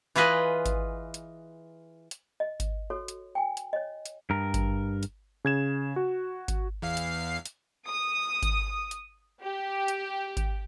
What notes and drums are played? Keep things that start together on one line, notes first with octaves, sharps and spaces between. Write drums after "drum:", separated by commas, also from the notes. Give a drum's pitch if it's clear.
E3 F4 G#4 B4 D#5
drum: kick G#1, hi-hat
drum: hi-hat
drum: hi-hat
D#5
drum: kick G#1, hi-hat
F#4 A4 C#5
drum: hi-hat
G5 G#5
drum: hi-hat
C#5 D#5
drum: hi-hat
G2 A#4
drum: kick G#1, hi-hat
drum: hi-hat
C#3 G#6 E7
F#4
drum: kick G#1, hi-hat
E2 F5 C7
drum: hi-hat
drum: hi-hat
D#6
drum: kick G#1, hi-hat
drum: hi-hat
G4
drum: hi-hat
drum: kick G#1, hi-hat